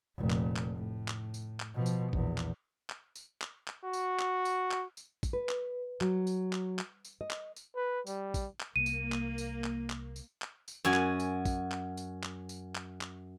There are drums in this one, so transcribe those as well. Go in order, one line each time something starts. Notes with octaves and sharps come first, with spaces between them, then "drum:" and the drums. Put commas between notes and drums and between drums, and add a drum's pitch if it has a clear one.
F1 A#2
drum: clap
drum: clap
A2
drum: clap
drum: tambourine
drum: clap
B2 F3
drum: tambourine
A#1 E2, drum: kick
drum: clap
drum: clap
drum: tambourine
drum: clap
drum: clap
F#4
drum: tambourine
drum: clap
drum: tambourine
drum: clap
drum: tambourine
drum: kick, tambourine
B4
drum: clap
F#3, drum: clap
drum: tambourine
drum: clap
drum: clap
drum: tambourine
D#5
drum: clap
drum: tambourine
B4
G3, drum: tambourine
drum: kick, tambourine
drum: clap
C2 A#3 D#7
drum: tambourine
drum: clap
drum: tambourine
drum: clap
drum: clap
drum: tambourine
drum: clap
drum: tambourine
F#2 F#4 G#5
drum: clap
drum: tambourine
drum: kick, tambourine
drum: clap
drum: tambourine
drum: clap
drum: tambourine
drum: clap
drum: clap